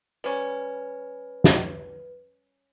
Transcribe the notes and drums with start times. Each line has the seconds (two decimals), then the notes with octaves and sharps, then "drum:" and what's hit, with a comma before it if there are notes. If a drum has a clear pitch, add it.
0.24 G3 C#4 B4
1.44 drum: snare